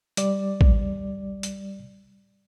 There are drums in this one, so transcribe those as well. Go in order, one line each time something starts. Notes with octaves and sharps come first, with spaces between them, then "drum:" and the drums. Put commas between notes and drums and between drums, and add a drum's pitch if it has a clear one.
G3 D5, drum: hi-hat
drum: kick
drum: hi-hat